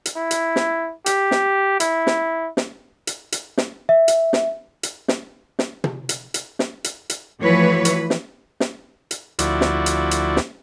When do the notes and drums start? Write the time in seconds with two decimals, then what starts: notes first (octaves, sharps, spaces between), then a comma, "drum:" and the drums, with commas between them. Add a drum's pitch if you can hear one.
0.06 drum: hi-hat
0.17 E4
0.31 drum: hi-hat
0.56 drum: snare
1.06 G4, drum: hi-hat
1.31 drum: snare
1.80 E4, drum: hi-hat
2.07 drum: snare
2.57 drum: snare
3.07 drum: hi-hat
3.32 drum: hi-hat
3.58 drum: snare
3.89 E5
4.08 drum: hi-hat
4.33 drum: snare
4.83 drum: hi-hat
5.08 drum: snare
5.59 drum: snare
5.84 drum: tom
6.09 drum: hi-hat
6.34 drum: hi-hat
6.59 drum: snare
6.84 drum: hi-hat
7.10 drum: hi-hat
7.41 E3 F3 A3 F#4 B4 C#5
7.85 drum: hi-hat
8.10 drum: snare
8.60 drum: snare
9.11 drum: hi-hat
9.39 D2 F3 E4 F#4 D5, drum: hi-hat
9.61 drum: snare
9.86 drum: hi-hat
10.11 drum: hi-hat
10.36 drum: snare